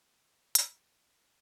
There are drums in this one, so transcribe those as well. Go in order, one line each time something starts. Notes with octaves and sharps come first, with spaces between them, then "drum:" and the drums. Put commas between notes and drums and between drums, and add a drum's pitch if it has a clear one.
C3
B3
C7, drum: hi-hat
C4
F2
E2
A#4
E2